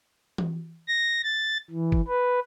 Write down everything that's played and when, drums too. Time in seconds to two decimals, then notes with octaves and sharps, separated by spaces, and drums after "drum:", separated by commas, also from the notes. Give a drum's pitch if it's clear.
0.38 drum: tom E3
0.88 A#6
1.23 A6
1.70 E3
1.92 drum: kick
2.08 B4